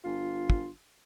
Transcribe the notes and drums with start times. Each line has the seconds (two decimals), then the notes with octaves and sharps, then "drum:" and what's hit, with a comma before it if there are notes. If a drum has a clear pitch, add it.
0.05 G1 F4
0.50 drum: kick